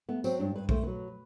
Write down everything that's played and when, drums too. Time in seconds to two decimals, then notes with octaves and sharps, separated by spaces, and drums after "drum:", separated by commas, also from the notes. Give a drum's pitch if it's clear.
0.09 A3 B3
0.24 F#3 C4, drum: tambourine
0.39 G2 D4
0.55 G2 B4
0.69 A3 C5, drum: kick
0.83 F#3 B4